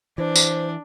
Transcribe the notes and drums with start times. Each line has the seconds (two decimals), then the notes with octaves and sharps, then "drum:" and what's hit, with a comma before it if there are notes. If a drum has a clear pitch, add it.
0.18 E3 D4 C5
0.36 drum: tambourine